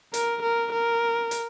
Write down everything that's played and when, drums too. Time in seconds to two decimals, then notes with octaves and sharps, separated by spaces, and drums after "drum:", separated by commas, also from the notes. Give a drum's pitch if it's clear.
0.14 A#4, drum: hi-hat
0.43 A#4
0.72 A#4
1.31 drum: hi-hat